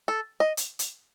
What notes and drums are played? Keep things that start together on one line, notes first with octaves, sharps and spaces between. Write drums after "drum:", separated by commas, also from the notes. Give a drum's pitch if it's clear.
A4
D#5
drum: hi-hat
drum: hi-hat